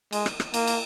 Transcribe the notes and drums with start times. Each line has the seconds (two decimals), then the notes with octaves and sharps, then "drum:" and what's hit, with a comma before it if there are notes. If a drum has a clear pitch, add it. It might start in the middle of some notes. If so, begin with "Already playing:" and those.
0.12 G#3, drum: cymbal
0.26 drum: rim click
0.40 drum: rim click
0.54 A#3, drum: cymbal
0.67 drum: cymbal